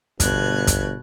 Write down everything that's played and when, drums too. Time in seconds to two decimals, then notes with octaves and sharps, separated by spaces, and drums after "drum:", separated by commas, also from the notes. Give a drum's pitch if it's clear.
0.20 G1 B2 F#6 G#6, drum: kick, hi-hat
0.67 drum: kick, hi-hat